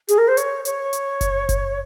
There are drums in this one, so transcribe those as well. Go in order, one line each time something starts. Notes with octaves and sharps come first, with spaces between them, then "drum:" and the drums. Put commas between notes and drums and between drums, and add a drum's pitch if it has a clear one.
G#4, drum: hi-hat
A#4
C5
C#5, drum: hi-hat
C#5, drum: hi-hat
drum: hi-hat
drum: kick F#1, hi-hat
drum: kick F#1, hi-hat